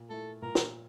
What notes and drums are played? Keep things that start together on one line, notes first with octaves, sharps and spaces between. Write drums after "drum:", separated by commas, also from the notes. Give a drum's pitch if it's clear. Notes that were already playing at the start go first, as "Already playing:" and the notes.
Already playing: A#2
A3 E4 A4
A#2 A#4
drum: snare